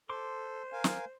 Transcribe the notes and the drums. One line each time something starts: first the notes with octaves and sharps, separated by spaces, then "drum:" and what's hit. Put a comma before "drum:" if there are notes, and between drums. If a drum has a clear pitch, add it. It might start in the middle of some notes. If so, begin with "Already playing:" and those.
A4 C5 C6 D6
A#4 F5 G#5
drum: snare